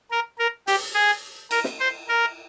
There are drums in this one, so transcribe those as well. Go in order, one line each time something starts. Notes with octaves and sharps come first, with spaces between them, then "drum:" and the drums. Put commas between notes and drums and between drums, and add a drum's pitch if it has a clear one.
A#4
A#4
G4, drum: open hi-hat
G#4
A#4, drum: cymbal
drum: snare
C5
A#4